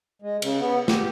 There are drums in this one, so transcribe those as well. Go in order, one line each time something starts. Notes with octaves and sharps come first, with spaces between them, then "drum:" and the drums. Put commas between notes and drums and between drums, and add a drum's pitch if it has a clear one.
G#3
C#3, drum: cymbal
B3
G4, drum: snare